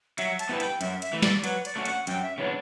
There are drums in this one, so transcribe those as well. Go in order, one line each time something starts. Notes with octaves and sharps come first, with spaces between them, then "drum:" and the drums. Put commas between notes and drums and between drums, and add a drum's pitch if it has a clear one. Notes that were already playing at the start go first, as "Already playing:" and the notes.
F#3 E5, drum: hi-hat
A5, drum: hi-hat
B3 E4 G4 B4
G5, drum: hi-hat
F#2 E5, drum: hi-hat
E5, drum: hi-hat
E3 A3
D5, drum: snare
F#3 B4, drum: hi-hat
D5, drum: hi-hat
A3 C#4 F#4
F#5, drum: hi-hat
F#2 G5, drum: hi-hat
E5
C#3 E3 B3 D4 C#5